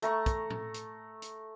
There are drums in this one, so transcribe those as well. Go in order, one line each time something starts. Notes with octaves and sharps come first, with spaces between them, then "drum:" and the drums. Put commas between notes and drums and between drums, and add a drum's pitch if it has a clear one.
A3 A#5 C#6, drum: hi-hat
drum: kick, hi-hat
drum: tom
drum: hi-hat
drum: hi-hat